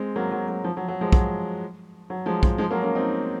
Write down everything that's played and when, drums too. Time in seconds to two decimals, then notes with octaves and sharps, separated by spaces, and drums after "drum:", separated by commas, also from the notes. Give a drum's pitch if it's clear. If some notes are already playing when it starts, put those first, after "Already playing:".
Already playing: G#3 C4
0.16 F#3 A#3
0.32 F#3
0.48 F#3
0.64 F3
0.77 F#3
0.89 F#3
1.01 F3 G#3
1.12 F#3, drum: kick
2.10 F#3
2.26 F3 G#3
2.43 F3, drum: kick
2.58 F3 G#3
2.71 F#3 A#3
2.82 A#3 C#4
2.95 C4 D#4